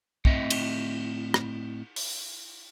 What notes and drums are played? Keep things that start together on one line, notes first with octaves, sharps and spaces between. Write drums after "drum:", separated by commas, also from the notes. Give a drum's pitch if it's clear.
A2 C4 D#5 E5, drum: kick
drum: cymbal
drum: rim click
drum: open hi-hat